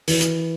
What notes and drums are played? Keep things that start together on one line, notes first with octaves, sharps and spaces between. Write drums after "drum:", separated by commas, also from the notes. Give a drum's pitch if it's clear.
E3, drum: open hi-hat
drum: hi-hat